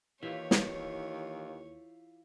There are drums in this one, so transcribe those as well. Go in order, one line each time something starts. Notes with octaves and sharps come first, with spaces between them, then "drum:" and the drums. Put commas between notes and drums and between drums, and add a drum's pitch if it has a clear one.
D#2 E3 E4 F4 G4 C#5
drum: snare